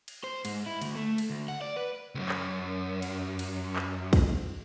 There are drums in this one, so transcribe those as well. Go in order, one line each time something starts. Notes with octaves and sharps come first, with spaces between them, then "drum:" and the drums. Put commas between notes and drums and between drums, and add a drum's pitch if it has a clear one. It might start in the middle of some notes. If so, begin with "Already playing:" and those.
drum: cymbal
C5
G#2, drum: cymbal
E4
D2, drum: cymbal
A3
drum: cymbal
D2
F#5
D5
B4
C#2 F#2
drum: clap
drum: cymbal
drum: cymbal
drum: clap
drum: kick, cymbal